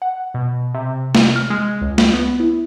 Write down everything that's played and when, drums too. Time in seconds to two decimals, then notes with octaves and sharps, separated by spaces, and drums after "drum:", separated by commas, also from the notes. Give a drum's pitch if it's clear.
0.02 F#5
0.34 B2
0.74 C3
1.15 drum: snare
1.36 F6
1.50 G#3
1.81 C#2
1.98 drum: snare
2.14 B3
2.40 E4